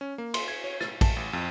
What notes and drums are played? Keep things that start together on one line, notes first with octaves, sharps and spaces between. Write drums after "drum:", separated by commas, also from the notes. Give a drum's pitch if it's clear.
C#4
A#3
C6, drum: cymbal
G#6
C#5
A6, drum: rim click
A5, drum: kick, cymbal
A1
F2